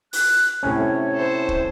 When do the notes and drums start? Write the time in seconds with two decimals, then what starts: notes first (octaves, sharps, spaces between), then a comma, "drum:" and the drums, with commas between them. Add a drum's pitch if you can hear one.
0.13 F#6, drum: open hi-hat
0.63 A2 C3 C#4 C#5
1.13 A4 C5
1.49 drum: kick